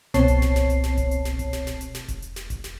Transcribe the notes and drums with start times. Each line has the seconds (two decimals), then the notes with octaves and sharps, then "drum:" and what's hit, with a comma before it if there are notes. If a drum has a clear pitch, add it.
0.14 C2 B2 C4 C#5 A5 C7, drum: snare
0.28 drum: kick E1, hi-hat
0.42 drum: snare
0.56 drum: snare
0.70 drum: hi-hat
0.84 drum: snare
0.97 drum: kick E1, hi-hat
1.11 drum: hi-hat
1.25 drum: snare
1.39 drum: kick E1, hi-hat
1.53 drum: snare
1.67 drum: snare
1.81 drum: hi-hat
1.95 drum: snare
2.08 drum: kick E1, hi-hat
2.22 drum: hi-hat
2.36 drum: snare
2.50 drum: kick E1, hi-hat
2.64 drum: snare